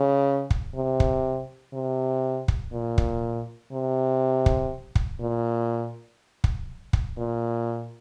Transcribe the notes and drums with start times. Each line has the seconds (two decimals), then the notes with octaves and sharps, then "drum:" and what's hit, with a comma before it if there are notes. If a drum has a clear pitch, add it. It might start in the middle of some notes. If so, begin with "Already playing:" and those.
Already playing: C#3
0.50 drum: kick
0.75 C3
1.00 drum: kick
1.74 C3
2.48 drum: kick
2.73 A#2
2.98 drum: kick
3.72 C3
4.46 drum: kick
4.95 drum: kick
5.20 A#2
6.44 drum: kick
6.93 drum: kick
7.18 A#2